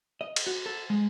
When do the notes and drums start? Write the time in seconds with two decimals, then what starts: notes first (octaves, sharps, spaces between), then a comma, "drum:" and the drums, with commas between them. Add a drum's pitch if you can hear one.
0.21 D#5
0.36 drum: cymbal
0.47 F#4
0.66 A4
0.90 G#3